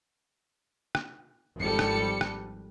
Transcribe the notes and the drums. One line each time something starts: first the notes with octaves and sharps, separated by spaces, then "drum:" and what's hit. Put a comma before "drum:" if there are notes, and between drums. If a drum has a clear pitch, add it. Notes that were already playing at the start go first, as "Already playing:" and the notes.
drum: rim click
G#1 F3 G3 A4 C#7
drum: rim click
drum: rim click